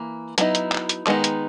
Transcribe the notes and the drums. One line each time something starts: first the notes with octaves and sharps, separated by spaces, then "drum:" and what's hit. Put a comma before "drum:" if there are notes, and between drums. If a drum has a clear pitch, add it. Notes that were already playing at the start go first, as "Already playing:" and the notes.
Already playing: E3 A#3
F#3 B3 D#4 E4, drum: hi-hat
drum: hi-hat
drum: clap
drum: hi-hat
D#3 G#3 B3 D#4, drum: clap
drum: hi-hat